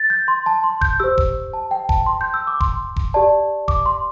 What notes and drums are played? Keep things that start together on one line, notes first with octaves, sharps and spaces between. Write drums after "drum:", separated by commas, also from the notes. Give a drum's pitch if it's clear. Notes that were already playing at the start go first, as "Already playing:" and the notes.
Already playing: A6
G6
C6
A5
C6
G6, drum: kick E1
G4 C5 E6
drum: kick E1
A5
G5
A5, drum: kick E1
C6
G6
E6
D6
C6, drum: kick E1
drum: kick E1
G4 D5 A5
D6, drum: kick E1
C6